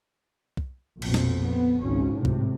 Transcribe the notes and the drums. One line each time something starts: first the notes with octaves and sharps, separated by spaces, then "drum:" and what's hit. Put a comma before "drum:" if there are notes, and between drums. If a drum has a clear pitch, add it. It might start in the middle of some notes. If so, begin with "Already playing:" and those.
drum: kick
A#1 F2 B2, drum: cymbal
drum: snare
B3
G#1 C#2 C#4
A2 C3
drum: kick